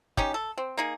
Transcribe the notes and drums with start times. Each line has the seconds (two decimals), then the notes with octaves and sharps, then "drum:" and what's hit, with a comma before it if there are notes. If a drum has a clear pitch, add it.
0.17 C#4 D#4 G4, drum: kick
0.34 A4
0.58 C4
0.77 A#3 D#4 G#4